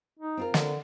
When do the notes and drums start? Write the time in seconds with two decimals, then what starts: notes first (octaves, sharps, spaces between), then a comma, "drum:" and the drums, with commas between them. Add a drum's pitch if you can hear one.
0.19 D#4
0.37 C4 F4 A#4
0.54 D3, drum: snare